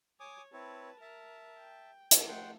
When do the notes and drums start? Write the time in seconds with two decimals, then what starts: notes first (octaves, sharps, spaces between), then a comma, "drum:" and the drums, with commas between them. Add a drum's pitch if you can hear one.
0.20 C#5 G#5 D6 D#6
0.53 C4 E4 B4 C#5 A5
1.01 A#4 E5 A5
1.57 G5
2.11 drum: hi-hat
2.28 F3 A3 F#5 G5 C6